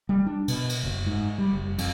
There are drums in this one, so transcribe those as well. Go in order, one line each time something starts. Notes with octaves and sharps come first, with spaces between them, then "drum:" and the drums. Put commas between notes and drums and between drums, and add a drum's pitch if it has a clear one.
G3
D4
B2, drum: cymbal
drum: cymbal
F#1
G#2
G3
F#1
F2, drum: cymbal